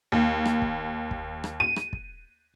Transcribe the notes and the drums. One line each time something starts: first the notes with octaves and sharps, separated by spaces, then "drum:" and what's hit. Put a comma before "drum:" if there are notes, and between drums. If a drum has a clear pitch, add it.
D#2
drum: rim click
drum: kick
drum: kick
drum: rim click
D#7
drum: rim click
drum: kick